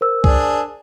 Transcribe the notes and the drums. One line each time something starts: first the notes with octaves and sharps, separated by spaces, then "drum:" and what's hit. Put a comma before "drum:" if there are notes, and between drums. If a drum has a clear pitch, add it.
A#4 C5 E6
D4 G#4, drum: kick C2